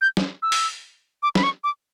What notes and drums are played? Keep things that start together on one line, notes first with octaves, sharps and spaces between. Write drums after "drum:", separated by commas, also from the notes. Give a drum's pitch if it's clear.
G6
drum: snare
E6
drum: open hi-hat
D6
B5, drum: snare
C#6
D6